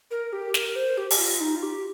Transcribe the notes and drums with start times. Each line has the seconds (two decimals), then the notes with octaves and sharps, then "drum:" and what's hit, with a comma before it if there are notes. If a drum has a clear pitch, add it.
0.11 A#4
0.33 G4
0.54 A#4, drum: snare
0.76 C5
0.98 G4
1.11 G4, drum: open hi-hat
1.19 F4
1.41 D#4
1.56 F4
1.63 G4